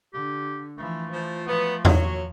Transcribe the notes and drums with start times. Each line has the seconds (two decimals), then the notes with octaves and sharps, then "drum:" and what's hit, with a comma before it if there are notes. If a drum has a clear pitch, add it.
0.14 D3 G4
0.77 E3 F3 A3
1.12 E3 F3
1.47 F3 F#3 B3
1.85 A#2 F#3 C#5, drum: tom E2